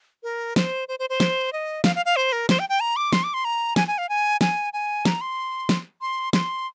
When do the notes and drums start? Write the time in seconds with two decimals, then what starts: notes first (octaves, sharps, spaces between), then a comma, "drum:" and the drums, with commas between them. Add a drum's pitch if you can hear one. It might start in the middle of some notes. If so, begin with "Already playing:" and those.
0.23 A#4
0.56 C5, drum: snare
0.88 C5
0.99 C5
1.10 C5
1.20 drum: snare
1.53 D#5
1.84 F5, drum: snare
1.95 F5
2.06 F5
2.16 C5
2.32 A#4
2.49 C5, drum: snare
2.59 G5
2.69 G5
2.80 A#5
2.96 D6
3.13 C6, drum: snare
3.24 D6
3.34 C6
3.45 A#5
3.76 G#5, drum: snare
3.88 G#5
3.98 F5
4.09 G#5
4.41 G#5, drum: snare
4.73 G#5
5.05 A#5, drum: snare
5.21 C6
5.69 drum: snare
6.01 C6
6.33 C6, drum: snare